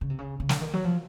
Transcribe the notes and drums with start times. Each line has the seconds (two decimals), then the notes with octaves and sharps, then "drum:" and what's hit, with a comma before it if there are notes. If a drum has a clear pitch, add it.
0.01 C#3
0.10 C3
0.18 C#3
0.40 C#3
0.49 D3, drum: snare
0.61 D#3
0.74 F#3
0.84 F3